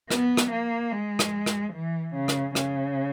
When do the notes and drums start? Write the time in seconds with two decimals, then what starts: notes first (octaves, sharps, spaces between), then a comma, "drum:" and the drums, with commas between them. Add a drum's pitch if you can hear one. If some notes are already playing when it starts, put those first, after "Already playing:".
0.11 B3, drum: rim click
0.37 drum: rim click
0.51 A#3
0.92 G#3
1.19 drum: rim click
1.46 drum: rim click
1.74 E3
2.15 C#3
2.28 drum: rim click
2.55 C#3, drum: rim click